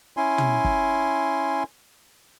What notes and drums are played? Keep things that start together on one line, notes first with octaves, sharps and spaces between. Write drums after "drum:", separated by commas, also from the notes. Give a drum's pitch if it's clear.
C#4 E4 G#5 C6
drum: tom
drum: kick